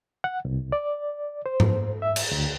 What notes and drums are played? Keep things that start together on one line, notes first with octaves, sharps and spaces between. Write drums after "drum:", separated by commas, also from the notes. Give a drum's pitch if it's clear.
F#5
C2
D5
C5
drum: tom G#2
E5
drum: cymbal
D2